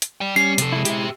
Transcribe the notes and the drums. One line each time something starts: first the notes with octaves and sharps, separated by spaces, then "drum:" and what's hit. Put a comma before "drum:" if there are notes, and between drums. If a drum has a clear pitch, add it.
drum: hi-hat
D5 G5
G3 C#4 C7
C3 A4, drum: hi-hat
G#3 E4
G4 E5, drum: hi-hat